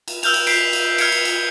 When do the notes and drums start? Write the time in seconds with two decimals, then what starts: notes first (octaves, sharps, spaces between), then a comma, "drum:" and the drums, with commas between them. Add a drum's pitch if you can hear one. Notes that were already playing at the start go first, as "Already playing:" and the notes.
0.08 drum: cymbal
0.23 E6 F6 G6 F7, drum: cymbal
0.34 drum: cymbal
0.47 G6 B6 C7 D7, drum: cymbal
0.73 drum: cymbal
0.98 F6 G#6 C#7 D7, drum: cymbal
1.12 drum: cymbal
1.25 drum: cymbal